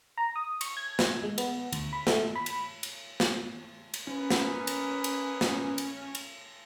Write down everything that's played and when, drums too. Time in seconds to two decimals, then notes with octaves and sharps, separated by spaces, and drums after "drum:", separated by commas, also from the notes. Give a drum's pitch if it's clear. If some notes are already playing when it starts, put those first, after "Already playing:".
0.18 A#5
0.36 D#6
0.61 C#6, drum: cymbal
0.77 G#6
0.99 drum: snare
1.23 G#3
1.38 B3, drum: cymbal
1.73 D2, drum: cymbal
1.93 B5
2.07 A3, drum: snare
2.35 B5
2.46 drum: cymbal
2.83 drum: cymbal
3.20 drum: snare
3.94 drum: cymbal
4.07 A#3 C#4 G#4 B4
4.30 drum: snare
4.67 drum: cymbal
5.04 drum: cymbal
5.41 drum: snare
5.78 drum: cymbal
6.15 drum: cymbal